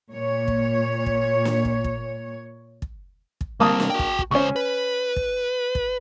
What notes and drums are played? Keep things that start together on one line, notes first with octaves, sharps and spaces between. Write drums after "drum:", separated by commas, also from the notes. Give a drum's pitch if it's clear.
A#2 C#5
drum: kick
drum: kick
drum: snare
drum: kick
drum: kick
drum: kick
drum: kick
G3 A#3 C4 A5 D#6
drum: snare
F#4 G5
drum: kick
drum: kick
C#2 C#4 C5 C#6
B4
drum: kick
drum: kick